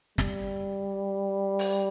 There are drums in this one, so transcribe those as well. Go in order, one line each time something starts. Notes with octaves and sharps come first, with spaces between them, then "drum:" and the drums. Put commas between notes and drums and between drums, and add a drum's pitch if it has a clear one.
G3, drum: snare
drum: open hi-hat